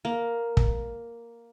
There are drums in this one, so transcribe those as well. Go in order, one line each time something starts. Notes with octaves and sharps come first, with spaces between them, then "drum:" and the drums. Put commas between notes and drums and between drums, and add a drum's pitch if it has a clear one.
A#3
drum: kick